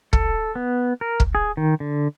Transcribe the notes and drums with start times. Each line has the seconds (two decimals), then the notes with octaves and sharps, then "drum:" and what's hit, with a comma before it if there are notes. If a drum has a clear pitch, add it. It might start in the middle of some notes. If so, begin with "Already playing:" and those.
0.13 A4, drum: kick
0.55 B3
1.01 A#4
1.20 drum: kick
1.35 G#4
1.57 D#3
1.80 D3